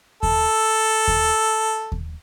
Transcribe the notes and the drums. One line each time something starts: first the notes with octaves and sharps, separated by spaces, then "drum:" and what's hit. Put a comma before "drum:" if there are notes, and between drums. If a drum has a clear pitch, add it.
A4, drum: kick D#2
drum: kick D#2
drum: kick D#2